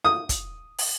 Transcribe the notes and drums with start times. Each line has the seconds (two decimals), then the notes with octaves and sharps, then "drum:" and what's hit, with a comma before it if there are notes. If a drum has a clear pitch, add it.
0.05 D#6
0.29 drum: kick, hi-hat
0.78 drum: open hi-hat